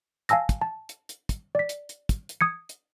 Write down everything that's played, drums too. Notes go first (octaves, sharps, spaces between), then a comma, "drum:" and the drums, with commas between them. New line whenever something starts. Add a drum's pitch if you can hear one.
F5 G#5 A5 E6 A#6, drum: hi-hat
drum: kick, hi-hat
A5
drum: hi-hat
drum: hi-hat
drum: kick, hi-hat
D5 B6
drum: hi-hat
drum: hi-hat
drum: kick, hi-hat
drum: hi-hat
D#6 G#6 C#7
drum: hi-hat